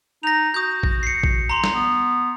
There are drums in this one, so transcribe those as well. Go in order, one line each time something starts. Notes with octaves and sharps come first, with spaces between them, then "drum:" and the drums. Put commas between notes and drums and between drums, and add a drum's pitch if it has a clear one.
D#4 A#6 F7
F#4 D#6 G6
drum: kick A#1
C7 C#7
drum: kick A#1
A#5 C6 F7
drum: snare
B3